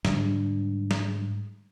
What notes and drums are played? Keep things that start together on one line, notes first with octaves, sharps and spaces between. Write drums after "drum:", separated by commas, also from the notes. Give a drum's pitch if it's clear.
G#2 D3 G3 D4, drum: snare
drum: snare